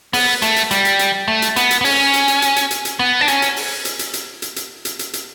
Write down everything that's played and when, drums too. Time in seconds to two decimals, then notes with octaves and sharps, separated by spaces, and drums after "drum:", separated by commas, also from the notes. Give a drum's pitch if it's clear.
0.13 B3, drum: open hi-hat
0.42 A3, drum: hi-hat
0.56 drum: hi-hat
0.71 G3, drum: hi-hat
0.85 drum: hi-hat
0.99 drum: hi-hat
1.28 A3
1.42 drum: hi-hat
1.56 B3, drum: hi-hat
1.71 drum: hi-hat
1.81 B3
1.84 C#4, drum: open hi-hat
2.13 drum: hi-hat
2.28 drum: hi-hat
2.42 drum: hi-hat
2.56 drum: hi-hat
2.71 drum: hi-hat
2.85 drum: hi-hat
2.99 B3
3.21 D4
3.28 C#4, drum: hi-hat
3.42 drum: hi-hat
3.56 drum: open hi-hat
3.85 drum: hi-hat
3.99 drum: hi-hat
4.13 drum: hi-hat
4.42 drum: hi-hat
4.56 drum: hi-hat
4.85 drum: hi-hat
4.99 drum: hi-hat
5.13 drum: hi-hat